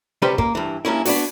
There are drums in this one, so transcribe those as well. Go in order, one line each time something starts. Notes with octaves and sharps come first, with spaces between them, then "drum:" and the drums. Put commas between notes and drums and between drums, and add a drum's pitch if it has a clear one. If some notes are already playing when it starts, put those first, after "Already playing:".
C3 G3 C#4 G4 B4 C5
A#3, drum: kick
G2 E3
G2 A#3 C#4 E4
B3 D4 F#4, drum: open hi-hat